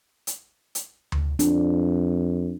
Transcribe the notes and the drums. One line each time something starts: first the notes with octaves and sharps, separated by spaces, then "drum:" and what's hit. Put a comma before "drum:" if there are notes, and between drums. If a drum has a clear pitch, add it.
drum: hi-hat
drum: hi-hat
drum: tom D2
F2 D4, drum: hi-hat